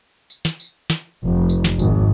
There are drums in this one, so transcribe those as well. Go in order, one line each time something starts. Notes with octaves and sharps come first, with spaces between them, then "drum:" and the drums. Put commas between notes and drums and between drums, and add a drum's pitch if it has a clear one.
drum: tambourine
drum: snare
drum: tambourine
drum: snare
F1
drum: tambourine
drum: snare
G#1, drum: tambourine